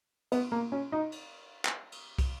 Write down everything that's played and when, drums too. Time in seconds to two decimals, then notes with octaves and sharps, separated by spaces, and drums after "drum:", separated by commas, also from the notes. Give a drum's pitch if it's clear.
0.32 B3, drum: cymbal
0.52 A#3
0.72 C#4
0.92 D#4
1.12 drum: cymbal
1.65 drum: clap
1.92 drum: cymbal
2.18 drum: kick, cymbal